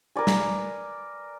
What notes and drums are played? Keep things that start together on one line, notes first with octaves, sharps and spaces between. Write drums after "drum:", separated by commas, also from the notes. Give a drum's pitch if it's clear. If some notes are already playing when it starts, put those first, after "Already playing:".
A#4 B4 D5 G#5
drum: snare